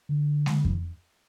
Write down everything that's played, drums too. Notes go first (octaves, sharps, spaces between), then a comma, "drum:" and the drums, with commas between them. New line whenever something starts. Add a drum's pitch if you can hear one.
D3
drum: snare G#3
E3, drum: kick F2